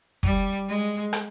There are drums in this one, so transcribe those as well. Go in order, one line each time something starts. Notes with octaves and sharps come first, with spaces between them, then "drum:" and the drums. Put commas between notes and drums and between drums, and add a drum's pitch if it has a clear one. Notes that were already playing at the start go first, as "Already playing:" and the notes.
G3, drum: kick
G#3
drum: rim click